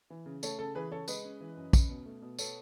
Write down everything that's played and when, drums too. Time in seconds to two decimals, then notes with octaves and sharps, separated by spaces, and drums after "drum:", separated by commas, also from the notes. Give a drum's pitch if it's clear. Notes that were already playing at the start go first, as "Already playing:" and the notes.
0.10 E3
0.26 C#3
0.43 A3 A4 C#5, drum: tambourine
0.59 C#3 A4
0.75 E3 G#4 B4
0.91 C#3 A4 C#5
1.08 G#3 B4 D#5, drum: tambourine
1.24 C#4
1.41 E3
1.57 F#2
1.73 C#4, drum: kick, tambourine
1.90 B2
2.06 A3
2.22 B2
2.39 B3 A4 C#5, drum: tambourine